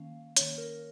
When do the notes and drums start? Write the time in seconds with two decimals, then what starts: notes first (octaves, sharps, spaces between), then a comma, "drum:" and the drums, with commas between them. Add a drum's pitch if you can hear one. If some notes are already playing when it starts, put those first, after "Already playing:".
Already playing: D#3 A#3 C#4 F5
0.37 D#3 A#3 C#4 C#5, drum: hi-hat
0.58 A#4